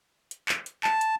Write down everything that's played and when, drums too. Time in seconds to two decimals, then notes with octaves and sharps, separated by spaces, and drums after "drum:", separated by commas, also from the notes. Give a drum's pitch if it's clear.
0.31 drum: hi-hat
0.49 drum: clap
0.66 drum: hi-hat
0.84 A5, drum: clap
1.01 drum: hi-hat